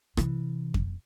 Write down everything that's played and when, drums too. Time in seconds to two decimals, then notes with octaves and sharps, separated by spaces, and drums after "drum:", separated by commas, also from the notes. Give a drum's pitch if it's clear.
0.17 C3 E3, drum: rim click
0.74 drum: kick F2